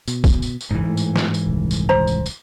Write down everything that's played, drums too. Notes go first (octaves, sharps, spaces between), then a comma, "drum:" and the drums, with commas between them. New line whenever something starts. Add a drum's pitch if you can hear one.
B2, drum: tambourine
drum: kick, tambourine
drum: tambourine
drum: tambourine
F#1 C#2 G#2 E3
A2
drum: tambourine
drum: snare
drum: tambourine
D#1 C2
drum: tambourine
C5 A#5
drum: tambourine
drum: tambourine